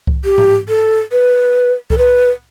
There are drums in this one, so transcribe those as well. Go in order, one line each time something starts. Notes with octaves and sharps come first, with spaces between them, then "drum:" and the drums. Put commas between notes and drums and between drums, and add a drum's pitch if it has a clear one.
drum: kick C2
G4
drum: tom G#2
A4
B4
A4, drum: kick C2
B4